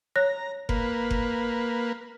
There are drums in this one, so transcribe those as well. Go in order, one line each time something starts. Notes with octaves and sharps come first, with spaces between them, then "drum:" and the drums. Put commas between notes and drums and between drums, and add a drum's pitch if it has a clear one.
C#5 A#5 F#6 A#6
A#3 B4, drum: kick F#1
drum: kick F#1